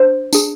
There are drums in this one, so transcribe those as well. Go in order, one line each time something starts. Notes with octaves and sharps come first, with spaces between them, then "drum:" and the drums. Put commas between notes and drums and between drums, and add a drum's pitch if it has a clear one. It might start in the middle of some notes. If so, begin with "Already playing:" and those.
Already playing: D4 C5
D4 G#4, drum: tambourine